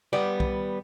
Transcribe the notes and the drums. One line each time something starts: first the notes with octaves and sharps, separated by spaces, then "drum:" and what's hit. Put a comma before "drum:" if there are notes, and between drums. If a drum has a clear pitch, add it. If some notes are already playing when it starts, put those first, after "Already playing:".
G3 B3 D5
drum: kick B1